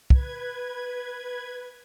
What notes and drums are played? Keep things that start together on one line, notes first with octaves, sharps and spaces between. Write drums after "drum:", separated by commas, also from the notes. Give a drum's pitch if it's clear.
B4 G#6, drum: kick